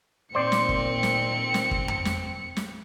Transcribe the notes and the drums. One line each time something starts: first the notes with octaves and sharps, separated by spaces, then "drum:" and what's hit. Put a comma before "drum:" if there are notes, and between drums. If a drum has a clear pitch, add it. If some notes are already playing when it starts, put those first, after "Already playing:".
A#2 D#3 A#3 C4 C5 D5 C#7
drum: snare
drum: kick
drum: snare
drum: snare
drum: kick
drum: tom F2
drum: snare
drum: snare